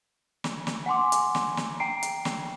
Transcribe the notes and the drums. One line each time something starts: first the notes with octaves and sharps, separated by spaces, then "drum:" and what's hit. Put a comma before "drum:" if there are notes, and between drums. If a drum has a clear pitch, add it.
drum: snare
drum: snare
F#5 G#5 C6 D6
drum: hi-hat
drum: snare
drum: snare
G5 A#5 C7 D7
drum: hi-hat
drum: snare